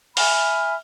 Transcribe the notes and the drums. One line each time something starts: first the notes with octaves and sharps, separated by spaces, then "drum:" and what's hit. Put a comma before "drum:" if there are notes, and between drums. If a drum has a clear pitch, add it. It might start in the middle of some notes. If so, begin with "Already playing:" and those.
E5 G#5 B5 F6, drum: open hi-hat